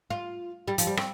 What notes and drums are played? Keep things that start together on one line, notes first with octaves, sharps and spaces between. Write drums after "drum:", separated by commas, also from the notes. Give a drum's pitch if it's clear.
F4
G3
F3, drum: hi-hat
G3
C4, drum: rim click